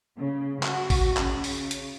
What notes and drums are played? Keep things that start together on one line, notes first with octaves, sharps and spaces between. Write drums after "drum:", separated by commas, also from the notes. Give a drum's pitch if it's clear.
C#3
F#4, drum: clap
drum: kick A1, open hi-hat
C#3, drum: clap
drum: open hi-hat
drum: hi-hat